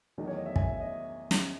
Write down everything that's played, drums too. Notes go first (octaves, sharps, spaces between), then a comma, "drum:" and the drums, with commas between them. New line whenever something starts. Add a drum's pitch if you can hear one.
E2 D#3 F#3 A3 D#5
C#5
D#5
E5
G#5, drum: kick
E5
D#5
drum: snare